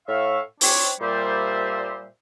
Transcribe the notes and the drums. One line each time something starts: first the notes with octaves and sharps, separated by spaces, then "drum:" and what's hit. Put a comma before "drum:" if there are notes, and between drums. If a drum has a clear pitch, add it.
A2 E5 F5 C#6
C4 D4 C#5, drum: open hi-hat
A#2 G3 C5 E5